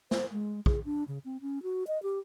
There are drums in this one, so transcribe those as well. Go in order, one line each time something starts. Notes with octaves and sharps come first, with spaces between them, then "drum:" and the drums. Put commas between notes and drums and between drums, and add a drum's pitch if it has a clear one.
C5, drum: snare
G#3
G#4, drum: kick
D4
C#3
C4
C#4
F#4
D#5
G4